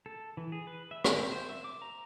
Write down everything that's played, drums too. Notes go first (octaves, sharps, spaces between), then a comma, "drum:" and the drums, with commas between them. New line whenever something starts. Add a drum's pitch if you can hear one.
A4
E3
G#4
B4
E5
C4, drum: rim click
C4
C5
E5
D6
A#5